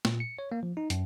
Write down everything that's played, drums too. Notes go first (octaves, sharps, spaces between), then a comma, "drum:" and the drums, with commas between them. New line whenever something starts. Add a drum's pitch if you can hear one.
A#2, drum: snare
C#7
C#5
A#3
F3
D#4
F#2, drum: hi-hat